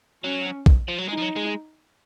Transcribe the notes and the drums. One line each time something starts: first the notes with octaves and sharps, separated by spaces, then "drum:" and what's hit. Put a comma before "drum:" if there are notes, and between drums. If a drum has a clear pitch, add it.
F#3 C#4
drum: kick
F3
F#3
G#3 D#4
F3
F#3
G#3